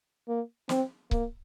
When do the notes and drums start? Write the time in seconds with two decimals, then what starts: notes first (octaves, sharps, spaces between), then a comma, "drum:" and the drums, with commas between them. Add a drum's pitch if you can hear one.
0.28 A#3
0.69 C4, drum: snare
1.11 A#3, drum: kick C#1